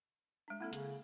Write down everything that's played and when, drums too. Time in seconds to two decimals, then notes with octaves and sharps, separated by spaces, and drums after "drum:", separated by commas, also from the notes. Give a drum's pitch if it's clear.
0.48 G#3 D4
0.60 A#3 C4 E4 A4
0.73 C#3, drum: hi-hat